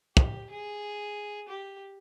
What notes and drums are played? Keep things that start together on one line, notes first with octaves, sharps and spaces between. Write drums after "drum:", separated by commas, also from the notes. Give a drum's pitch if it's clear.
G4, drum: kick
G#4
G4